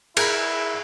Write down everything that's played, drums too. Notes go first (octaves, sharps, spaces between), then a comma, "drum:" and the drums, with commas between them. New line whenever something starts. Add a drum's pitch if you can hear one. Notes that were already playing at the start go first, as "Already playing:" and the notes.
E4 G#4 A#4 B5, drum: cymbal